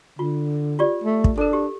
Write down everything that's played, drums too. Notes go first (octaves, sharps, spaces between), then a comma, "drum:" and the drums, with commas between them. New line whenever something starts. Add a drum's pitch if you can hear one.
D3 F4
F4 G4 D5
A3
drum: kick
D4 A4 A#4
G4